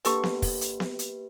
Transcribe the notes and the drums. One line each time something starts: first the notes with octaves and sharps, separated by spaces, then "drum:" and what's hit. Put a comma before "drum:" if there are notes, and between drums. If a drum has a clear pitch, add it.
D3 A#3 G4 A4 B4 C#6, drum: hi-hat
drum: snare B3
drum: kick, open hi-hat
drum: hi-hat
drum: snare B3
drum: hi-hat